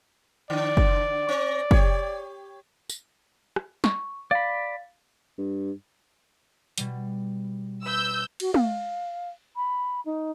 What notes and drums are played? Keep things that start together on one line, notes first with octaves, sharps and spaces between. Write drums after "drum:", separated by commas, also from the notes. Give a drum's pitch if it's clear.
D3 D4 D5
drum: kick
C4
G4 C#5, drum: kick
drum: tambourine
drum: rim click
C#6, drum: snare
D5 F5 B5 A6
G2
B2 G3, drum: hi-hat
B4 E6 G6
F#4, drum: cymbal
F5, drum: tom
B5
D#4